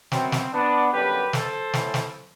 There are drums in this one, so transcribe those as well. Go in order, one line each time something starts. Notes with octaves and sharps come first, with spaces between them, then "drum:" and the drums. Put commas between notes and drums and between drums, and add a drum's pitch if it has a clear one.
F#2 F#3 B3 C4, drum: snare
drum: snare
B3 D4
F#2 D3 G3 B3 G4 B4
A4 C5, drum: snare
A2 E3 B3, drum: snare
drum: snare